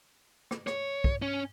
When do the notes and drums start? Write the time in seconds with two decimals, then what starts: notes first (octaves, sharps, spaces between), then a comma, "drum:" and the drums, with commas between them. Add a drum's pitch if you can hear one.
0.51 drum: rim click
0.67 C#5, drum: rim click
1.04 drum: kick
1.22 C#4